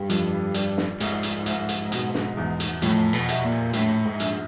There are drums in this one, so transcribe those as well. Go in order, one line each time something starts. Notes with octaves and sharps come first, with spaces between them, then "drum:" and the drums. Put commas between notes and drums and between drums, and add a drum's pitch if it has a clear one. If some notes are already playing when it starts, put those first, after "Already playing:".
Already playing: G2
F2, drum: hi-hat
G3, drum: hi-hat
drum: snare
C2 G#2, drum: hi-hat
drum: hi-hat
C2, drum: hi-hat
drum: hi-hat
B2, drum: hi-hat
drum: snare
E2
drum: hi-hat
F2 A2, drum: hi-hat
B2
C3, drum: hi-hat
A#2
A#1 A2, drum: hi-hat
G#2
A#1, drum: hi-hat